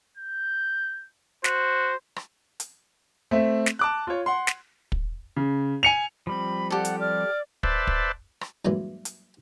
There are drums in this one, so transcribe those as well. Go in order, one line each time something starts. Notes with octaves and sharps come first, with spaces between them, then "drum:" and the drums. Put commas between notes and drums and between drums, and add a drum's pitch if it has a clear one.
G6
F#4 C5, drum: snare
drum: rim click
drum: hi-hat
A3 C4 E5
drum: snare
A5 D6 F#6
F4 C#5
F#5 C6
drum: snare
drum: kick
C#3
G#5 C#7 F7
F3 G3 C4 B5
G4 A4 D5 F#5
drum: hi-hat
D5 D6 F6
B4 C5 D5 E5 A5, drum: kick
drum: kick
drum: rim click
G2 A#2 E3 F#3 G#3 E4
drum: hi-hat